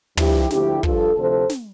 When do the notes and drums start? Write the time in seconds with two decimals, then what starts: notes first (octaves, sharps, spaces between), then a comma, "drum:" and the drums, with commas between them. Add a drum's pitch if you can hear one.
0.17 G2 F3 E4 G4, drum: tom
0.50 D2 D3 F3 E4 G4, drum: snare
0.83 G2 F3 F4 A4, drum: kick
1.16 D2 C3 F3 A4 C5
1.49 drum: snare